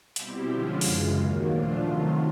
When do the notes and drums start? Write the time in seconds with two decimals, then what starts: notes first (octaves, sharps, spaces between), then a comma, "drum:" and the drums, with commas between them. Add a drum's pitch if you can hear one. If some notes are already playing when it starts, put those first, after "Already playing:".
0.16 B2 G3 C4 E4 G4, drum: hi-hat
0.49 D3 F3 G#3 C#4 E4 F4
0.81 F#2 C#3 E3 G#3, drum: open hi-hat
1.15 D#2 D#3 F#3 A#3
1.47 A#2 F3 A3 D4 F4
1.80 C3 D#3 F#3 A3